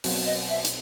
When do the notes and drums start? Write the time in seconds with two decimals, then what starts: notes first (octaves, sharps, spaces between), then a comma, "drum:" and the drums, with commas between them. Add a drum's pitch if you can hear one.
0.04 B1 B2 F#3 C4, drum: open hi-hat
0.26 D#5
0.49 E5
0.65 drum: hi-hat